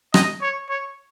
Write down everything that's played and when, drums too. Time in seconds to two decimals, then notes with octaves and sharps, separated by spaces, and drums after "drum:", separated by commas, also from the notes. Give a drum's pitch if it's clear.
0.14 D#5, drum: rim click
0.42 C#5
0.70 C#5